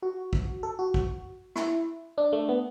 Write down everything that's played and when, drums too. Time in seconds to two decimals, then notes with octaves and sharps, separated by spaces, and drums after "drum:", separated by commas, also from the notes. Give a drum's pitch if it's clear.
0.02 F#4
0.33 drum: kick
0.63 A4
0.79 F#4
0.94 drum: kick
1.56 E4, drum: rim click
2.18 D4
2.33 A3
2.49 B3